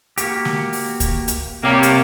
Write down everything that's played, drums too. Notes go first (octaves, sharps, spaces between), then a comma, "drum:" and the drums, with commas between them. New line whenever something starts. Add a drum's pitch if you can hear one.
A#3 F#4 G4, drum: hi-hat
drum: snare
drum: open hi-hat
drum: kick C#2, hi-hat
drum: hi-hat
C3 G3 A#3 G4 C#5
drum: hi-hat